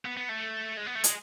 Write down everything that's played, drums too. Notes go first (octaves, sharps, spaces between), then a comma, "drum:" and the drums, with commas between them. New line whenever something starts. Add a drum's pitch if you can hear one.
B3
B3
A3
G#3
B3
A3
G#3, drum: hi-hat